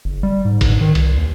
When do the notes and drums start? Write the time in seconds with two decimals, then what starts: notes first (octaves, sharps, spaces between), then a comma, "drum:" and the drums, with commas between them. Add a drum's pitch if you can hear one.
0.05 F#1
0.23 G3
0.45 G#2
0.61 drum: kick G1, cymbal
0.81 D#3
0.95 C2, drum: cymbal
1.18 D#2